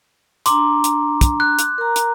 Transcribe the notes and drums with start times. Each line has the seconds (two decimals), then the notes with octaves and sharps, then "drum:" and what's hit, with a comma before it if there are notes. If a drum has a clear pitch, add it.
0.46 D4 A#5 C6 D6, drum: hi-hat
0.84 drum: hi-hat
1.21 drum: kick, hi-hat
1.40 F#6
1.59 drum: hi-hat
1.78 A#4 A#5
1.96 drum: hi-hat